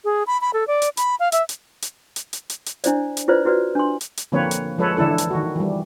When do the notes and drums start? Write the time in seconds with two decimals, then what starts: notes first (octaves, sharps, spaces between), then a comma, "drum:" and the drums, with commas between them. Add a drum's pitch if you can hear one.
0.05 G#4
0.27 B5
0.41 B5
0.54 A4
0.68 D5
0.82 drum: hi-hat
0.97 B5, drum: hi-hat
1.20 F5
1.32 E5, drum: hi-hat
1.49 drum: hi-hat
1.82 drum: hi-hat
2.16 drum: hi-hat
2.33 drum: hi-hat
2.50 drum: hi-hat
2.66 drum: hi-hat
2.84 D4 E4 C5 D5, drum: hi-hat
3.17 drum: hi-hat
3.28 E4 F4 B4 C5 D5
3.45 E4 F#4 B4 C5 D5
3.75 D4 C6
4.01 drum: hi-hat
4.17 drum: hi-hat
4.32 D3 F3 A#3 C4 B4 C#5
4.51 drum: hi-hat
4.78 F3 G#3 A4 B4 C#5
4.97 D3 E3 D4 E4 A4
5.18 drum: hi-hat
5.31 D#3 F#4
5.56 E3 G3